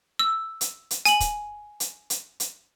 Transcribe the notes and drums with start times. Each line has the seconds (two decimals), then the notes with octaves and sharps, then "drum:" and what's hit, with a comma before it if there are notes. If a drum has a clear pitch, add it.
0.19 E6
0.61 drum: hi-hat
0.91 drum: hi-hat
1.05 G#5 F#7, drum: hi-hat
1.20 drum: kick, hi-hat
1.80 drum: hi-hat
2.10 drum: hi-hat
2.40 drum: hi-hat